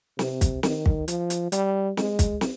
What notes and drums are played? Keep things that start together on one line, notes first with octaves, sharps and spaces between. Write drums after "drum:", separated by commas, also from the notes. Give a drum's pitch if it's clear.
C3, drum: snare
drum: kick, hi-hat
D#3, drum: snare
drum: kick
F3, drum: hi-hat
drum: hi-hat
G3, drum: hi-hat
G#3, drum: snare
drum: kick, hi-hat
drum: snare